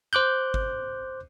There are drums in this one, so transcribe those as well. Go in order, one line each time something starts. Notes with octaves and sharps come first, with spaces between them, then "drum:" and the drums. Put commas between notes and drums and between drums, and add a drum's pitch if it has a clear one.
C5 D6 F#6 G6
drum: kick G#1